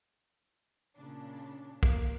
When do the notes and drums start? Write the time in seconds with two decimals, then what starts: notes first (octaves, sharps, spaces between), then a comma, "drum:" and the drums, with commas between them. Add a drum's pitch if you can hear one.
0.96 A#2 C#3 D4
1.83 A#3, drum: kick